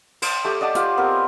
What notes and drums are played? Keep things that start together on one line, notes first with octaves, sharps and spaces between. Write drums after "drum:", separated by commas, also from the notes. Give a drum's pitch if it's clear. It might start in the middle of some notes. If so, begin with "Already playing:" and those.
C5, drum: cymbal
A3 G4
D5 D#5 F#5 A5
F4 G4 F#5, drum: hi-hat
B3 C4 G4 A#4